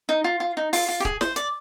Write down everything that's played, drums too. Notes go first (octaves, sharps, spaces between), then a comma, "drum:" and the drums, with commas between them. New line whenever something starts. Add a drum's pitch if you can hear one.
D#4
F4
F4
D#4
F4, drum: open hi-hat
F4
G4
G#4, drum: kick
C5, drum: snare
D5, drum: hi-hat